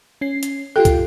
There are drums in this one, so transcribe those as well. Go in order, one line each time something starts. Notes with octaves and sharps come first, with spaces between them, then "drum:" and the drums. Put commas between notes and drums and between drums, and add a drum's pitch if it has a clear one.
C#4 C7
drum: hi-hat
F4 G4 A4 G5
drum: kick, hi-hat